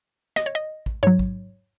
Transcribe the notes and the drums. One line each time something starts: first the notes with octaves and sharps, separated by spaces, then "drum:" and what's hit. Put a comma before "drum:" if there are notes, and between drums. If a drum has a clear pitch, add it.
D#5, drum: snare
C#5
D#5
drum: kick A1
G#2 F#3 C#5
drum: kick A1